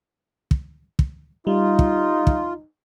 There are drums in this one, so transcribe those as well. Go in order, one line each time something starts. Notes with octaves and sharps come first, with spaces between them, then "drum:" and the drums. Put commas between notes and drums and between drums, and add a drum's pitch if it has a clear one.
drum: kick
drum: kick
G3 D#4 F4
drum: kick
drum: kick